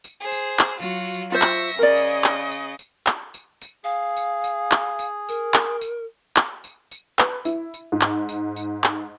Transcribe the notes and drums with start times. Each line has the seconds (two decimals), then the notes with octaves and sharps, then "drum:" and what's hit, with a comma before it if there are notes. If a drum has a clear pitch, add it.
0.04 drum: tambourine
0.21 G#4 C5
0.32 drum: tambourine
0.59 drum: clap
0.79 F#3 F4 F#4
1.14 drum: tambourine
1.32 F4 C5 E5 C#6 A#6
1.42 drum: clap
1.69 drum: tambourine
1.79 C#3 A#4 D5 D#5
1.97 drum: tambourine
2.24 drum: clap
2.52 drum: tambourine
2.79 drum: tambourine
3.07 drum: clap
3.34 drum: tambourine
3.62 drum: tambourine
3.84 G#4 F5
4.17 drum: tambourine
4.44 drum: tambourine
4.71 drum: clap
4.99 drum: tambourine
5.29 A#4, drum: tambourine
5.54 drum: clap
5.81 drum: tambourine
6.36 drum: clap
6.64 drum: tambourine
6.91 drum: tambourine
7.19 B4, drum: clap
7.45 E4, drum: tambourine
7.74 drum: tambourine
7.92 G#2
8.01 drum: clap
8.29 drum: tambourine
8.56 drum: tambourine
8.84 drum: clap